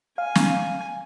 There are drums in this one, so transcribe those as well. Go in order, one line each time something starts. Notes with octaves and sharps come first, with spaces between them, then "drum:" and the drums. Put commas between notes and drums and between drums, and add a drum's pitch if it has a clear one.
F5 G#5
drum: snare